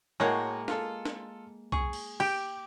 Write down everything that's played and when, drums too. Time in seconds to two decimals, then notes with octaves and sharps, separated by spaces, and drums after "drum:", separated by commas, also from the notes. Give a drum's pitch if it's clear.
0.20 A2 G#3 A#3 F#4 C#5
0.68 F4 A4, drum: snare
1.05 drum: snare
1.72 G#4 C#6, drum: kick B1
1.93 drum: cymbal
2.20 G4 G5, drum: cymbal